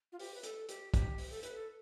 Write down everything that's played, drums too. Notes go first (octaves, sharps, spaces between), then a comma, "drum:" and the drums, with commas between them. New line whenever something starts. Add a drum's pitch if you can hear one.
F4
G4, drum: open hi-hat
B4
A4, drum: hi-hat
G4, drum: hi-hat
G4, drum: kick, hi-hat
drum: open hi-hat
A4
B4, drum: hi-hat
A4